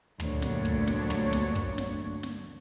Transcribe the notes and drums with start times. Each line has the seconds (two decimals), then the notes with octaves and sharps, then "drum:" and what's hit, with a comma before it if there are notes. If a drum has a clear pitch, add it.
0.20 D2 G2 A#2 F#3 D4 C#5, drum: tom
0.42 drum: snare
0.65 drum: kick
0.87 drum: snare
1.10 drum: tom
1.33 drum: snare
1.55 drum: kick
1.78 drum: snare
2.23 drum: snare